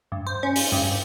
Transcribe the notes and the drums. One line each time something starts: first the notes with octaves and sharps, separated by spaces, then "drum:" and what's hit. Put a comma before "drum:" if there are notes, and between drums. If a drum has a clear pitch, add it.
G2
C5
C#4
drum: open hi-hat
G2